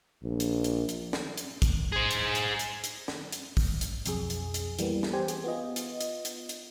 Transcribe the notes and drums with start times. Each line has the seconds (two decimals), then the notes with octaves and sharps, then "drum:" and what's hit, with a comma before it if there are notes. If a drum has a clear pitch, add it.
0.24 A#1
0.40 drum: hi-hat
0.64 drum: hi-hat
0.89 drum: hi-hat
1.13 drum: snare
1.38 drum: hi-hat
1.62 drum: kick, hi-hat
1.92 G#4 C5
2.11 drum: hi-hat
2.35 drum: hi-hat
2.59 drum: hi-hat
2.84 drum: hi-hat
3.08 drum: snare
3.32 drum: hi-hat
3.57 drum: kick, open hi-hat
3.81 drum: hi-hat
4.06 B1 F2 G#4, drum: hi-hat
4.30 drum: hi-hat
4.54 drum: hi-hat
4.79 E3 G3 A#3 B3, drum: hi-hat
5.03 drum: snare
5.13 G4 C5 G#5
5.28 G#4, drum: hi-hat
5.44 B3 F4 D#5
5.76 drum: hi-hat
6.01 drum: hi-hat
6.25 drum: hi-hat
6.49 drum: hi-hat